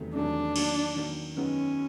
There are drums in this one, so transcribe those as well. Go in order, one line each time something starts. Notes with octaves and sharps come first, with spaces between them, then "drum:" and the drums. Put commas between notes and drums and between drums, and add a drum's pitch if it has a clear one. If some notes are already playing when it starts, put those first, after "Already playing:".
Already playing: E2 C3 D#3 F#3 A3
E2 C3 D#3 F#3 A3 D4
D#3 F#3 A#3, drum: cymbal
D#3 F#3 A#3
F#2 D#3 G#3 B3 C#4 D#4